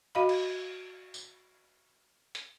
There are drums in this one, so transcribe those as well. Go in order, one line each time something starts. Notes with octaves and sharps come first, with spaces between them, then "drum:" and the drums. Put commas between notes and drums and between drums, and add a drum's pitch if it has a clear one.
F#4 D#5 F5 B5
drum: cymbal
drum: tambourine
drum: hi-hat